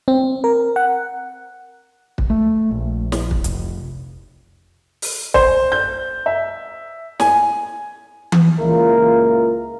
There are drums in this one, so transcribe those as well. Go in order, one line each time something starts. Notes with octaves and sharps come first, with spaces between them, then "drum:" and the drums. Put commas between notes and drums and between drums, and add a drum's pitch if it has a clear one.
C4
A#4
F#5
drum: kick
A3
A#1
drum: snare
drum: kick
F1, drum: hi-hat
drum: open hi-hat
C5, drum: kick
G6
E5
G#5, drum: snare
drum: tom E3
C#2 A#2 A#3 E4 F4 A#4